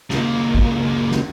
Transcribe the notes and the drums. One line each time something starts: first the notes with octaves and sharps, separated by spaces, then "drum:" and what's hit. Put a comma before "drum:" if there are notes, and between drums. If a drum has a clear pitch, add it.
C#2 A#3, drum: snare
drum: kick
drum: snare